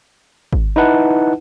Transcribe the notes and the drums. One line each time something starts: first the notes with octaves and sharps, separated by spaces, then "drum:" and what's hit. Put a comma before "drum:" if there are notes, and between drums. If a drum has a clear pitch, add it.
drum: kick G#1
D#4 E4 B4 F#5 A5